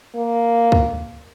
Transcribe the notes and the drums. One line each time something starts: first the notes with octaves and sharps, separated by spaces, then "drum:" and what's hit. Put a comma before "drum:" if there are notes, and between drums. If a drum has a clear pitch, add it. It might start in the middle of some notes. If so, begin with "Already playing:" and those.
A#3
drum: kick C#2